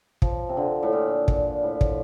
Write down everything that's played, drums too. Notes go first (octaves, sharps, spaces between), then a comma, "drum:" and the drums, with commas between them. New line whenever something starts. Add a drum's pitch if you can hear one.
F3, drum: kick
C3
D3
A2
A#2
drum: kick
A2
drum: kick